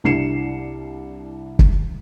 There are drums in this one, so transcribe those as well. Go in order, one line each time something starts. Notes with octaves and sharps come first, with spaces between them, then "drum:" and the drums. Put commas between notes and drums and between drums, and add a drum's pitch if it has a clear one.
C2 D4 E4 C7 C#7 E7
drum: kick